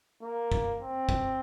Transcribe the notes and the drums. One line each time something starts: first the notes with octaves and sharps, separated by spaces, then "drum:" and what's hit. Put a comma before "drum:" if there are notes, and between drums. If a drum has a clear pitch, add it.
A#3
drum: kick
C4
drum: kick